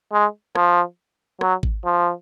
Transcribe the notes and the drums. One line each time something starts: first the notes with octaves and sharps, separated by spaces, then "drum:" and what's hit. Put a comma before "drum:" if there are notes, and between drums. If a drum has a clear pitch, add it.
G#3
F3, drum: rim click
F#3, drum: rim click
drum: kick G#1
F3